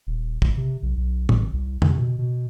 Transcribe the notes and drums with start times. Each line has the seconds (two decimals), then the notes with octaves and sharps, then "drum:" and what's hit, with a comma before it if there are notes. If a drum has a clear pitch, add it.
0.07 D#1
0.42 G1, drum: kick
0.58 C3
0.83 B1
0.97 B1
1.29 G#1, drum: tom
1.53 C2
1.82 C3, drum: tom
1.98 B2
2.19 B2